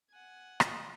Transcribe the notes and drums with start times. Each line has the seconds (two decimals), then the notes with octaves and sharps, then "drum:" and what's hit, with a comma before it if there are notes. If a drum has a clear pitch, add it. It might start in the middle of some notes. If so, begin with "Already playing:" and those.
0.11 F#5 G#5
0.60 D#5, drum: rim click